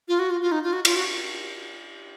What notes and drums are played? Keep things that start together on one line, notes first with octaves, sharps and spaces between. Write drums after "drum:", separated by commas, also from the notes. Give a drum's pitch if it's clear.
F4
F#4
F4
F4
D#4
F4
F#4
F4, drum: cymbal
F#4